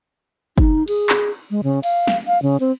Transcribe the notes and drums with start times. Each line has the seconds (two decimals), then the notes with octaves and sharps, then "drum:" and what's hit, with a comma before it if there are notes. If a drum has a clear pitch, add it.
0.58 D#4, drum: kick
0.88 G#4, drum: cymbal
1.09 drum: clap
1.51 G#3
1.63 C#3
1.83 F5, drum: cymbal
2.07 drum: snare
2.27 F5
2.42 C#3
2.60 C4